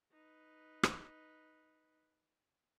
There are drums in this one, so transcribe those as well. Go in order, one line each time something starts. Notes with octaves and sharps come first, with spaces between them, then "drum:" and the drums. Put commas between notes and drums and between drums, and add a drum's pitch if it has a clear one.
D#4 B4
drum: rim click